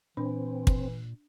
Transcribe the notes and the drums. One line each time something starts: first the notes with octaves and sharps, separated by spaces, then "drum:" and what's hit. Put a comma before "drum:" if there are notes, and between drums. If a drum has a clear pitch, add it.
A#2 E3 C4 D4
drum: kick